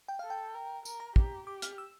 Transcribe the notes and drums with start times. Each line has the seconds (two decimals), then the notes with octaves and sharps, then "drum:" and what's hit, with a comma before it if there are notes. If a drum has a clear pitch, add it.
0.08 G5
0.19 A4 F5
0.30 G5
0.55 A#4
0.85 A#4, drum: tambourine
1.00 A#5
1.16 G4, drum: kick
1.47 G4 D6
1.62 F6, drum: hi-hat
1.78 E6